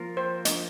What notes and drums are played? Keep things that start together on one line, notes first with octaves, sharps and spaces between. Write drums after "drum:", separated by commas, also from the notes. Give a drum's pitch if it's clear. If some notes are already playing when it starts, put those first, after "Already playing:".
Already playing: F3 A#3 F4 A#4
C5
D#5, drum: hi-hat